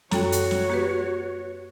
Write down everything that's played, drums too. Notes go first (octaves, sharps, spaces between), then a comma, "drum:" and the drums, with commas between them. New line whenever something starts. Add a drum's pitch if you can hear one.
F#2 F#4 A4 C#5 G5, drum: snare
drum: hi-hat
drum: snare
A#3 G4 B4